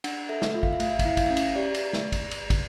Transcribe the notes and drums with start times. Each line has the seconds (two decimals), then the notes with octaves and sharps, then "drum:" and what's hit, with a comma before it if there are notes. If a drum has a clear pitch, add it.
0.04 D4 F#5, drum: cymbal
0.29 A4 E5
0.42 drum: snare
0.54 F4 E5
0.63 F5, drum: kick
0.73 E5
0.80 A3 F5, drum: cymbal
0.90 E5
0.99 F5, drum: kick, cymbal
1.05 E4 E5
1.17 F5, drum: kick, cymbal
1.26 C#4 E5
1.37 drum: cymbal
1.55 G4 D5
1.74 drum: cymbal
1.93 drum: snare
2.12 drum: kick, cymbal
2.31 drum: cymbal
2.50 drum: kick, cymbal